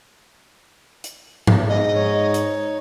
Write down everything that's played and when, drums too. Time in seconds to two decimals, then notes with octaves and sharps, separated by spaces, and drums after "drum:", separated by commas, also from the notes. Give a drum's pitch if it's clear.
1.04 drum: hi-hat
1.47 drum: tom G#2
1.69 G#2 D#5
1.94 D#4 C#5
2.34 drum: hi-hat